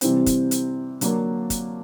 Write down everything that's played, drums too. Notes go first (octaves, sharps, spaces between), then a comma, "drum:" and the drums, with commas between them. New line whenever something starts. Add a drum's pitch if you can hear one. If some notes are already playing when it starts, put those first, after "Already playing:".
C3 E3 G3 C4, drum: hi-hat
drum: kick, hi-hat
drum: hi-hat
D3 F#3 A#3 D4, drum: hi-hat
drum: kick, hi-hat